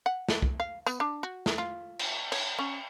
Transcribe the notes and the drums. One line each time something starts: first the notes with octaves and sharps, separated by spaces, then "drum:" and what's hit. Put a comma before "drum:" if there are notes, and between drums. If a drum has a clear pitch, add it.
F#5
drum: snare
drum: kick
F5
B3, drum: tambourine
D4
F#4
drum: snare
F4
drum: cymbal
C#5, drum: cymbal
C#4